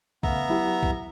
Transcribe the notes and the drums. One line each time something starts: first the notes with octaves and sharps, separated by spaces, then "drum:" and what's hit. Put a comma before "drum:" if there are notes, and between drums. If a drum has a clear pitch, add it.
C#3 A3 B3 E5 F5 A#5, drum: kick B1
F#3 E4 G4
drum: kick B1